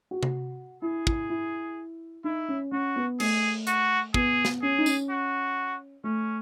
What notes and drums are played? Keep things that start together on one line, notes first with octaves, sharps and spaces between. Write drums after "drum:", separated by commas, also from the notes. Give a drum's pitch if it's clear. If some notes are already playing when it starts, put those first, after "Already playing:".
F#4
drum: tom C3
E4 G#4
E4, drum: kick
E4
D#4 E4
C#4
C#4 F#4
B3
A3 G#4, drum: cymbal
F#4, drum: hi-hat
B3 G#4, drum: kick
drum: snare
C#4 G#4
D#4
C#4, drum: tambourine
F#4
A3 C#4